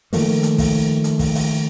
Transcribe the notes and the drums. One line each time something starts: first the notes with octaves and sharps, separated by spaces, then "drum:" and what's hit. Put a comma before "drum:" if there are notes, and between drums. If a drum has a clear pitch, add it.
D#3 F3 A3 A#3, drum: open hi-hat
drum: hi-hat
drum: kick, open hi-hat
drum: hi-hat
drum: kick, open hi-hat
drum: open hi-hat